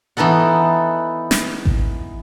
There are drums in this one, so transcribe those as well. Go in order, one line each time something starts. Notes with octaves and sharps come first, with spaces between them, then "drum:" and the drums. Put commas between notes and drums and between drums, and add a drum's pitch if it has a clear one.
E3 B3 D#4 A4 F#5
drum: snare
drum: kick A1